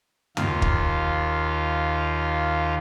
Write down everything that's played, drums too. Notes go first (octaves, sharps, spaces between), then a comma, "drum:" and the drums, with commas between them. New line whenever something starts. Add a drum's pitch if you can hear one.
D#2 F4, drum: tom
drum: kick